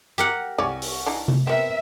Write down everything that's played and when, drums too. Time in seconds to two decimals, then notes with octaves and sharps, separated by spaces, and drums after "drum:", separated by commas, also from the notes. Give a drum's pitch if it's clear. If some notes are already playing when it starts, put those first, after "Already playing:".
0.18 G4 A#4 F#5
0.58 C2 C#5 D5 G#5 C#6
0.82 drum: open hi-hat
1.06 E3 D4 D#4
1.28 drum: tom C3
1.47 B3 C4 A#4 E5 G5 E7